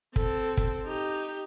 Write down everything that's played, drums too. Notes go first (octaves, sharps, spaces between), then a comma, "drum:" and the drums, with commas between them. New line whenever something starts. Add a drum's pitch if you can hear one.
C4 A4, drum: kick
drum: kick
D#4 G4